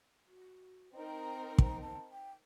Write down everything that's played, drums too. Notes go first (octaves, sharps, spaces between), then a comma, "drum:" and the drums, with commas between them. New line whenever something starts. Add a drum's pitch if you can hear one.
F#4
C4 D#4 A#4 A#5
drum: kick
A5
G5